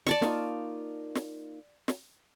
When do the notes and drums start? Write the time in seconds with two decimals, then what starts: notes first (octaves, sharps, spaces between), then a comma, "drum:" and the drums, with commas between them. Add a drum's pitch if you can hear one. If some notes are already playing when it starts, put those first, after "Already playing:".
0.07 D5 A5 C#6, drum: snare
0.22 A#3 D#4 F4, drum: snare
1.15 drum: snare
1.88 drum: snare